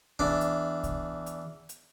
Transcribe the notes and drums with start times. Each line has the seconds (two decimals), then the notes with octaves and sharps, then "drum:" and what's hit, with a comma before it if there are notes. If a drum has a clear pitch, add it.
0.19 E2 D4, drum: kick
0.41 drum: hi-hat
0.83 drum: kick, hi-hat
1.26 drum: hi-hat
1.69 drum: hi-hat